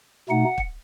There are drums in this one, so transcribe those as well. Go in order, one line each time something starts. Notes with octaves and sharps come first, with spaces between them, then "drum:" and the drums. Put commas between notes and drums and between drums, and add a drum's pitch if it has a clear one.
B2 A3 D#4 F#5
drum: kick